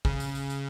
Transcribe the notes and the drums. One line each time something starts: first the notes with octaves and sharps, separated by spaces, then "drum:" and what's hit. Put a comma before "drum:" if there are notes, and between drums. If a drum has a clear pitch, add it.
C#3, drum: kick
drum: tambourine
drum: tambourine
drum: tambourine